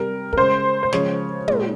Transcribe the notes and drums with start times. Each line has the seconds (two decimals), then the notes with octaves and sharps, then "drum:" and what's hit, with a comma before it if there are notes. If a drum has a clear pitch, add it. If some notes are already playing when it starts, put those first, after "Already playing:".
Already playing: C3 G3 A#4
0.33 A#4, drum: kick
0.37 C#3 G#3 C5
0.83 C5
0.93 C#3 F3 G#3 C#5, drum: snare
1.48 A#2 G#3, drum: tom